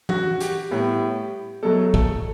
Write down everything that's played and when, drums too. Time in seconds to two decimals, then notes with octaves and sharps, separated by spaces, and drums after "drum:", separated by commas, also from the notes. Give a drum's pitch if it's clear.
0.09 F#4, drum: tom E3
0.40 G4, drum: hi-hat
0.71 A2 G3 B3
1.63 B2 F#3 A3 A4
1.94 A4, drum: kick